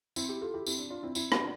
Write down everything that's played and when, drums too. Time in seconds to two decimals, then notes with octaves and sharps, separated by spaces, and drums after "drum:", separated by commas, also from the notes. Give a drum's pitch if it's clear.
0.16 C4 E4, drum: tambourine
0.29 E4 G4
0.41 F4 A4
0.54 E4 G4
0.66 C4 E4, drum: tambourine
0.79 D4
0.90 D4 F4
1.03 C4 E4
1.15 C4 E4, drum: tambourine
1.32 D4 F4, drum: rim click